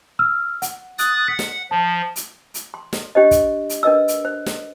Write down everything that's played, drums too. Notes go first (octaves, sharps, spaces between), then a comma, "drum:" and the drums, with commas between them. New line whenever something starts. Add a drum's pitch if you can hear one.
E6 F6
F#5, drum: hi-hat
D#6 F#6 A6, drum: hi-hat
F#5 B6
drum: snare
F3 A5
drum: hi-hat
drum: hi-hat
C6
drum: snare
D4 G4 C5 D#5
drum: kick, hi-hat
drum: hi-hat
D4 A#4 B4 D#5 E6
drum: hi-hat
C5
drum: snare